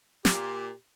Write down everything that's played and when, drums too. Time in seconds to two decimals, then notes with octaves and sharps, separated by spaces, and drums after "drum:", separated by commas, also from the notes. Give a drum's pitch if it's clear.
0.25 A#2 G4, drum: snare